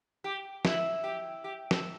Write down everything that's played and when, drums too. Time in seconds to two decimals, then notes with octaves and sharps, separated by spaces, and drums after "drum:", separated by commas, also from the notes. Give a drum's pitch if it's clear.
0.24 G4
0.65 E4, drum: snare
1.04 G4
1.44 G4
1.71 A4, drum: snare